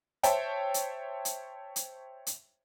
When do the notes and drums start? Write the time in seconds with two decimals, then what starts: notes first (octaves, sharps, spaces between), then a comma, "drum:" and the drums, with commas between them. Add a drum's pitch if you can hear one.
0.23 C5 C#5 E5 G5 A5, drum: hi-hat
0.74 drum: hi-hat
1.25 drum: hi-hat
1.76 drum: hi-hat
2.27 drum: hi-hat